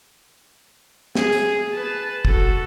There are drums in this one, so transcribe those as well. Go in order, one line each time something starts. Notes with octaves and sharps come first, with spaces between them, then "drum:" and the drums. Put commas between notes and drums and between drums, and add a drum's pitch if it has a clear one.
G#4, drum: snare
drum: tambourine
B4 A5
F#4 A4, drum: kick